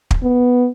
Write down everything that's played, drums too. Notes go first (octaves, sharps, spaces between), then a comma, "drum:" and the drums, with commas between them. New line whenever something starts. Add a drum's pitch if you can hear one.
drum: kick
B3